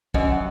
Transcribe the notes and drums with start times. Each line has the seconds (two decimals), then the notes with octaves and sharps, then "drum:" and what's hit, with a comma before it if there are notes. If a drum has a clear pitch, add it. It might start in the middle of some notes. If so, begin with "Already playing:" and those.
0.14 F#2 D#5, drum: kick
0.32 F#5